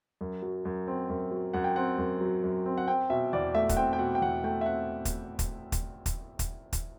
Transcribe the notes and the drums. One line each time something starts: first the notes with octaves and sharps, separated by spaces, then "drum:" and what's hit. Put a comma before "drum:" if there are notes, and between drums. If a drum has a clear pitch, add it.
F#2
F#3
F#2
C4
F#2
F#3
F#2 F#5
G5
C4 F#5
F#2
F#3
F#2
C4
F#5
C4 G5
B2 E5
E2 D5
A3 E5
F#5, drum: kick, hi-hat
C4 G5
G5
B2 F#5
G5
E2 F#5
A3 G5
E5
C4 F#5
drum: kick, hi-hat
drum: kick, hi-hat
drum: kick, hi-hat
drum: kick, hi-hat
drum: kick, hi-hat
drum: kick, hi-hat